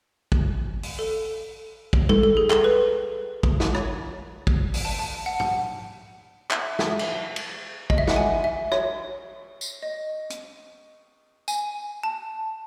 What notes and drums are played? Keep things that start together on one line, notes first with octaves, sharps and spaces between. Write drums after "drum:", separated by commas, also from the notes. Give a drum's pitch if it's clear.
drum: kick
drum: open hi-hat
A4
drum: kick
A4, drum: tom G3
A4
G#4
A4, drum: clap
B4
drum: kick
drum: snare
C#5, drum: rim click
drum: kick
drum: open hi-hat
A5
A5
F#5
F#5, drum: tom
E5, drum: clap
E5, drum: snare
drum: cymbal
drum: cymbal
D#5, drum: kick
E5
F#5, drum: snare
G#5
E5
C#5, drum: rim click
drum: tambourine
D#5
drum: hi-hat
G#5, drum: tambourine
A5